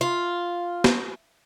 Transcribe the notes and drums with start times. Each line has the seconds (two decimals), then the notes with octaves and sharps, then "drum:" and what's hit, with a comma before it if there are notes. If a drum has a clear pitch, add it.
0.01 F4
0.84 drum: snare